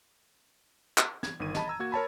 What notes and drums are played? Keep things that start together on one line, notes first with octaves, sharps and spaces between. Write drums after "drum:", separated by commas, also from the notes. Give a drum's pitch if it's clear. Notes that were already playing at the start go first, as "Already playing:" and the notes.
drum: clap
G#6, drum: snare
G1 D#3 D#7
D#5 A5 B5, drum: snare
A#5 E6 G#6
A#3 F#4 G#6
A#4 C#5 A5 B5